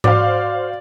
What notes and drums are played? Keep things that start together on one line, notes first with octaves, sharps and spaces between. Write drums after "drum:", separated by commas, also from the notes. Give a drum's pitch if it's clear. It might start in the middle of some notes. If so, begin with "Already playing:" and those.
F#4 C5 D5 F5, drum: tom G#2